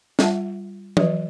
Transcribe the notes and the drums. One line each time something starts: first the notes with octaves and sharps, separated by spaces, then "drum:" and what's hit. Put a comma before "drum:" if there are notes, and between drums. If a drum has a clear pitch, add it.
G3 F4 E5 F#5 A5, drum: snare
E3 F#3 F#4 B4 D#5, drum: tom